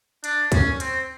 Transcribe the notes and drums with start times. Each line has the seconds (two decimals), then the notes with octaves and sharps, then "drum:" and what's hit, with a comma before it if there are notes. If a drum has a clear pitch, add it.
0.24 D4, drum: hi-hat
0.52 C#4, drum: kick, hi-hat
0.80 C4, drum: hi-hat